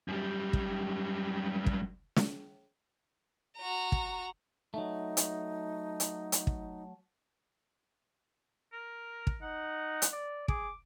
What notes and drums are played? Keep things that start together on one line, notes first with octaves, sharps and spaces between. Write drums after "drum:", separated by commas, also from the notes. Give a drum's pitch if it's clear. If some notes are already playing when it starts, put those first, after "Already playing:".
F#2 G3
drum: kick
drum: kick
drum: snare
F#4 A#5
drum: kick
F#3 A3 D#4
drum: hi-hat
drum: hi-hat
drum: hi-hat
drum: kick
A#4
drum: kick
D#4 F#5
drum: hi-hat
D5
G#4 D6, drum: kick